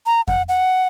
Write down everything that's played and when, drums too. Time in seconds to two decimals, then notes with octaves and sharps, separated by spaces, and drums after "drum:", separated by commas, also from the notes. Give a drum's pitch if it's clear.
0.06 A#5
0.28 F#5, drum: kick F2
0.49 F#5